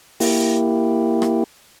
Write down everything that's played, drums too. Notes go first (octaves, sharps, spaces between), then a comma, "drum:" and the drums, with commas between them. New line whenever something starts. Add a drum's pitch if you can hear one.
A#3 E4 G4, drum: open hi-hat
drum: rim click